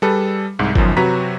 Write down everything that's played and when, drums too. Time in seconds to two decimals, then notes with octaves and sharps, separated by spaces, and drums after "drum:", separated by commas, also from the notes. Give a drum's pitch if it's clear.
0.02 G3 G#4 A4 B4
0.59 C2 G#2
0.75 B1 F#2 D#3 F3, drum: kick G1
0.97 C3 F#3 F#4 B4 A#5 B6